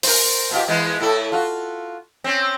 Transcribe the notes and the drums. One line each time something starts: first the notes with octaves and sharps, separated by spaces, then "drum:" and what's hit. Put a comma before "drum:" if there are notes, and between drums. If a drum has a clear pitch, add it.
A#4 C5, drum: open hi-hat
B2 F4 G4
E3 G#3 B3
A2 E4 A4
F4 F#4
C4 C#4